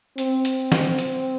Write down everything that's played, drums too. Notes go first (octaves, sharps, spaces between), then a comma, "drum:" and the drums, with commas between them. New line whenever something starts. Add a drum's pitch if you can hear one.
C4, drum: hi-hat
drum: hi-hat
drum: snare
drum: hi-hat